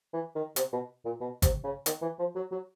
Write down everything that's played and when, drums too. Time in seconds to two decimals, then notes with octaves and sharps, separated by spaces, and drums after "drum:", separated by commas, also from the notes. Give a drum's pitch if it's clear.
0.13 E3
0.35 D#3
0.56 C3, drum: hi-hat
0.73 B2
1.05 A#2
1.20 B2
1.42 C3, drum: kick, hi-hat
1.64 C#3
1.86 D#3, drum: hi-hat
2.02 E3
2.19 F3
2.35 F#3
2.51 F#3